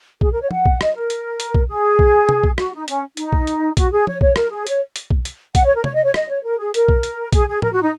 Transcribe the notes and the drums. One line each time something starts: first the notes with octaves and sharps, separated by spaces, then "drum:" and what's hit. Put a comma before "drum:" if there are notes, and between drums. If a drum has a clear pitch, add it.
G#4, drum: kick B1
A#4
C#5
F#5, drum: tom F3
drum: kick B1
D#5, drum: rim click
A#4
drum: hi-hat
drum: hi-hat
drum: kick B1
G#4
drum: kick B1
drum: tom
drum: kick B1
F#4, drum: rim click
D#4
C#4, drum: hi-hat
D#4, drum: hi-hat
drum: kick B1
drum: hi-hat
F#4, drum: kick B1, hi-hat
G#4
C#5, drum: tom F3
C#5, drum: kick B1
A#4, drum: rim click
G#4
C#5, drum: hi-hat
drum: hi-hat
drum: kick B1
drum: hi-hat
F#5, drum: kick B1, hi-hat
C#5
A#4
C#5, drum: tom
D#5
C#5
D#5, drum: rim click
C#5
A#4
G#4
A#4, drum: hi-hat
drum: kick B1
drum: hi-hat
G#4, drum: kick B1, hi-hat
G#4
A#4, drum: tom
F#4
D#4